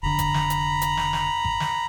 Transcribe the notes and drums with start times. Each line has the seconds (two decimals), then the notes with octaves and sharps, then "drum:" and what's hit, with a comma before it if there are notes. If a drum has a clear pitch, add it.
0.03 F1 D3 A#5 B5
0.19 drum: kick G#1, hi-hat
0.34 drum: snare
0.50 drum: hi-hat
0.82 drum: hi-hat
0.97 drum: snare
1.13 drum: snare
1.45 drum: kick G#1
1.60 drum: snare